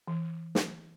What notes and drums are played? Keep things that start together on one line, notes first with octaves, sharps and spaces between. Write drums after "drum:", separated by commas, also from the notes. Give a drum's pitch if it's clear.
E3
drum: snare